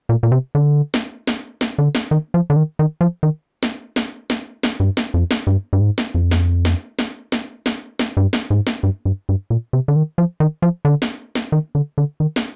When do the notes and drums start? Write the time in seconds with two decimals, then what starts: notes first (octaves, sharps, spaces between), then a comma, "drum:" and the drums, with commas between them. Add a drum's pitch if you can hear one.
0.09 A#2
0.23 A#2
0.32 C3
0.55 D3
0.94 drum: snare
1.27 drum: snare
1.61 drum: snare
1.78 D3
1.95 drum: snare
2.11 D#3
2.34 F3
2.50 D3
2.56 D#3
2.79 D#3
3.01 F3
3.23 D#3
3.63 drum: snare
3.96 drum: snare
4.30 drum: snare
4.63 drum: snare
4.80 G2
4.97 drum: snare
5.14 F2
5.31 drum: snare
5.47 G2
5.73 G2
5.80 G#2
5.98 drum: snare
6.15 F2
6.31 drum: snare
6.65 drum: snare
6.99 drum: snare
7.32 drum: snare
7.66 drum: snare
7.99 drum: snare
8.17 G2
8.33 drum: snare
8.50 G#2
8.67 drum: snare
8.83 G2
9.05 G2
9.29 G2
9.50 A#2
9.73 C3
9.88 D3
9.96 D#3
10.18 F3
10.40 D#3
10.62 F3
10.85 D3
11.02 drum: snare
11.35 drum: snare
11.52 D#3
11.75 D3
11.98 D3
12.20 D#3
12.36 drum: snare